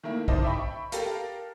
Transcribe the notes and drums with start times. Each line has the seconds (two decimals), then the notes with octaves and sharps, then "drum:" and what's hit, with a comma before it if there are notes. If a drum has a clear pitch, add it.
0.03 D#3 A3 A#3 E4
0.28 D#4 E4 C5 D#5 A5 D6, drum: kick B1
0.44 E5 G5 B5 C#6
0.92 G4 A4 A#4 F5, drum: hi-hat